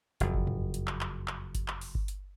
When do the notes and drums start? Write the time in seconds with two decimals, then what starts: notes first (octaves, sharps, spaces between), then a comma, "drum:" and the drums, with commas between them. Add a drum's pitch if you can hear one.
0.20 F#1 F2, drum: hi-hat
0.34 drum: kick G1
0.47 drum: tom
0.74 drum: hi-hat
0.87 drum: clap
1.01 drum: clap
1.28 drum: clap
1.55 drum: kick G1, hi-hat
1.68 drum: clap
1.81 drum: open hi-hat
1.95 drum: kick G1
2.08 drum: hi-hat